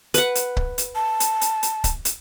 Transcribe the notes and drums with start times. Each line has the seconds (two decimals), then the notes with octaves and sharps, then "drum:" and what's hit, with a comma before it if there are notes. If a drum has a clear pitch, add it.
0.14 B4 F#5, drum: hi-hat
0.35 drum: hi-hat
0.57 drum: kick C#1
0.78 drum: hi-hat
0.95 A5
1.20 drum: hi-hat
1.41 drum: hi-hat
1.63 drum: hi-hat
1.84 drum: kick C#1, hi-hat
2.05 drum: hi-hat